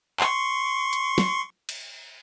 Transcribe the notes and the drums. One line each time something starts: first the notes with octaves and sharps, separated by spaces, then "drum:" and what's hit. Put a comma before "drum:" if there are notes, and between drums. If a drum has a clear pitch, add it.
C6 C#6, drum: clap
drum: hi-hat
drum: snare
drum: cymbal